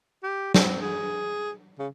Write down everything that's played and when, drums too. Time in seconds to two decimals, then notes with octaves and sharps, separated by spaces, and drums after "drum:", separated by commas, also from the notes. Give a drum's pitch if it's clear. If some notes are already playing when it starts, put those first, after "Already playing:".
0.23 G4
0.54 C4, drum: snare
0.81 G#4
1.79 C#3